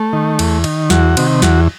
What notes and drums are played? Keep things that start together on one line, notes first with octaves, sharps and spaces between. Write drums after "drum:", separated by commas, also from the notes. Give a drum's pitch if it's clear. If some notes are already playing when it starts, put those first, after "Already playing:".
Already playing: A3
D#3
E2, drum: cymbal
D#3, drum: cymbal
E2 F#4, drum: snare
C3 D#3, drum: cymbal
E2 F#4, drum: snare